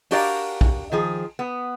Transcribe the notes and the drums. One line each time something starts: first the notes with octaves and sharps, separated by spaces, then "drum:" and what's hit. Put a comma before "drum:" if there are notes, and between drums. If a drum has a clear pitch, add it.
D4 F#4 G4 A#4 D5 F5, drum: open hi-hat
drum: kick
D#3 F3 G#4
B3